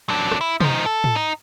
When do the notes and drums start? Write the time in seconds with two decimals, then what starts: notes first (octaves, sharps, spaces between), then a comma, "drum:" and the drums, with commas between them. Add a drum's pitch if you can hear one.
0.09 F#3 D4
0.31 drum: rim click
0.41 E4
0.60 F3 D#4, drum: tom
0.86 A4
1.04 drum: tom
1.15 D#4